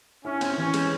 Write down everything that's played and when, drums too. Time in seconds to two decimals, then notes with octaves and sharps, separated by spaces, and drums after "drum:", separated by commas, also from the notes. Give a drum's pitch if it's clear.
0.25 C#4 E4
0.41 C4, drum: cymbal
0.58 E3 C#4
0.74 G#3, drum: cymbal